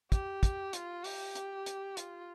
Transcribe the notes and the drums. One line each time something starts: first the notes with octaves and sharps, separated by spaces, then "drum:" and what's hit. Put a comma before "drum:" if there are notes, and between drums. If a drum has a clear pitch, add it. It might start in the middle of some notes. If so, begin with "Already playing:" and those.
G4, drum: kick, hi-hat
drum: kick, hi-hat
F4, drum: hi-hat
G4, drum: open hi-hat
drum: hi-hat
drum: hi-hat
F4, drum: hi-hat